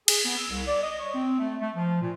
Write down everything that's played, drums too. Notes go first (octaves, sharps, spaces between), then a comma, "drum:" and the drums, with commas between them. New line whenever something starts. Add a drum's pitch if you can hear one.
G#4, drum: cymbal
B3
E6
C2
D5
D#5
C#5
C4
A3
A3
F3
A#2